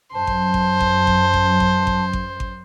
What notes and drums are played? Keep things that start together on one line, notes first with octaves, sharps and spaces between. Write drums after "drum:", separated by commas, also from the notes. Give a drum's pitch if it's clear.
F#2 C5 A5
drum: kick G#1
drum: kick G#1
drum: kick G#1
drum: kick G#1
drum: kick G#1
drum: kick G#1
drum: kick G#1
drum: kick G#1
drum: kick G#1